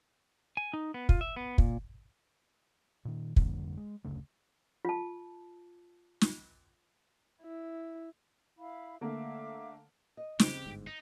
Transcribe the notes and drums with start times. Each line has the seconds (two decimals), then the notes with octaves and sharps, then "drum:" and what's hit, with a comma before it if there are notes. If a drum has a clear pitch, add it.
0.57 G#5
0.73 D#4
0.94 B3
1.09 F4, drum: kick
1.21 E5
1.36 B3
1.58 A#2, drum: kick
3.05 A#2 D#3
3.36 F2 D3 G3 A#3, drum: kick
3.77 G#3
4.04 F#1 D2 C#3 A3
4.85 F4 A5
6.21 drum: snare
7.42 E4
8.58 E4 F5 B5
9.01 D3 A3 A#3 E5 F5 D6
10.17 D#5
10.39 C#3 C4 G4, drum: snare
10.66 G1 G#2
10.87 D#4